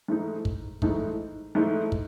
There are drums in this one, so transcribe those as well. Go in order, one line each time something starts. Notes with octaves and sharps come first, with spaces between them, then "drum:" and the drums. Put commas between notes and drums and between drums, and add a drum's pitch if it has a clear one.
G#2 E3 A3 D#4
drum: kick
G#2 E3 A3 D#4, drum: kick
G#2 E3 A3 D#4
drum: kick